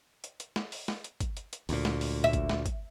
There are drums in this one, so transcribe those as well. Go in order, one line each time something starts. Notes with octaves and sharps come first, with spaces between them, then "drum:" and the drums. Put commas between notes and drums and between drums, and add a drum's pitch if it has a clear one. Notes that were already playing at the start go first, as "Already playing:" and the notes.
drum: hi-hat
drum: hi-hat
drum: snare
drum: open hi-hat
drum: snare
drum: hi-hat
drum: kick, hi-hat
drum: hi-hat
drum: hi-hat
D2 A#2, drum: open hi-hat
drum: snare
drum: open hi-hat
E5
drum: kick, hi-hat
drum: snare
drum: kick, hi-hat